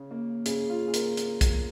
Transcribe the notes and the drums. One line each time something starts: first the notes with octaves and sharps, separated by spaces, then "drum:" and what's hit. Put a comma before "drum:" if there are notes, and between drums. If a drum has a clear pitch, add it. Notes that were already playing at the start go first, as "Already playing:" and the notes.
Already playing: C#3
A#3
C#3 G#4, drum: hi-hat
F4
A#3
G#4
A#4, drum: hi-hat
drum: hi-hat
drum: kick, hi-hat